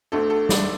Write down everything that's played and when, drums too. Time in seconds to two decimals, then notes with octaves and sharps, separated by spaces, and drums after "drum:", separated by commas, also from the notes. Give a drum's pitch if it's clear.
0.12 D2 D3 A3 A4
0.30 A4
0.49 D5, drum: snare